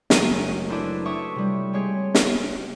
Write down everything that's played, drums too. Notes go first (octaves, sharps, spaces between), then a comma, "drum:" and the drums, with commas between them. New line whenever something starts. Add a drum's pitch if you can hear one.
F#1 F#3 G#3 A3 D#4 D#7, drum: snare
D4 E4 A4 B4 C5
C#5 E5 G5 A5 C#6 D#6
C3 G3
G#3 C4 G4 G#4 C#5
drum: snare